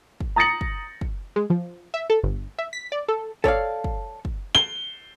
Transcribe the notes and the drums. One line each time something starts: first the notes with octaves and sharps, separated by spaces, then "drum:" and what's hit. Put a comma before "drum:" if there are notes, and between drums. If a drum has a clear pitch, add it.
drum: kick
A#5 D#6 A6 A#6 C#7 F#7
drum: kick
drum: kick
G#3
F3
E5
A4
G1
E5
B6
D5
A4
A4 C#5 D5 F5, drum: kick
drum: kick
drum: kick
G7